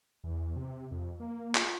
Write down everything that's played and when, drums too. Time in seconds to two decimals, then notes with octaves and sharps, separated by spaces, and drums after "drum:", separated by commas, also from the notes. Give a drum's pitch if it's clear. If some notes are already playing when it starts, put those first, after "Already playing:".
0.24 E2
0.56 C3
0.91 F2
1.20 A#3
1.55 F4, drum: clap